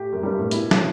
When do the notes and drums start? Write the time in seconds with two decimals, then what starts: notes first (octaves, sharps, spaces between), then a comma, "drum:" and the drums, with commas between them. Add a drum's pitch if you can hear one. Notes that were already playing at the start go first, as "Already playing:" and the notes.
Already playing: A2 G4
0.13 F#2
0.23 G2 G3
0.39 A2
0.51 B2 E4, drum: hi-hat
0.71 drum: snare